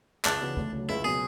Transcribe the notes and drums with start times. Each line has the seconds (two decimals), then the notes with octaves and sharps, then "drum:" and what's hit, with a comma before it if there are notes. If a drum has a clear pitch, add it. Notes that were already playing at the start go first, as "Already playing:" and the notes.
0.25 C#2 D4, drum: clap
0.41 C#3 E3 B3 F#4
0.57 D2, drum: kick
0.73 C#3 F#3
0.89 C#2 E4
1.04 B2 F#3 G#4